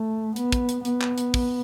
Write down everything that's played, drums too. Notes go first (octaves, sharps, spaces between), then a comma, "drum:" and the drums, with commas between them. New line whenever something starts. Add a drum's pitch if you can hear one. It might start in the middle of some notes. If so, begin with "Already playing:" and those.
Already playing: A3
B3, drum: hi-hat
drum: kick, hi-hat
drum: hi-hat
B3, drum: hi-hat
drum: clap
drum: hi-hat
drum: kick, open hi-hat